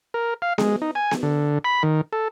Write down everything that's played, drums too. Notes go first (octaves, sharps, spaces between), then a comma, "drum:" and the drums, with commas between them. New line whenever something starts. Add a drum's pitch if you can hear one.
A#4
F5
G#3, drum: snare B3
D#4
G#5
drum: snare B3
D3
B5
D#3
A4